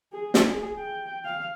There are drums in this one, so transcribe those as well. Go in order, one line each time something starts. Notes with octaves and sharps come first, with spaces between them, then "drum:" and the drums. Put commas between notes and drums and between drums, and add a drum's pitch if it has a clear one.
G#4
drum: snare
G#4
G5
F5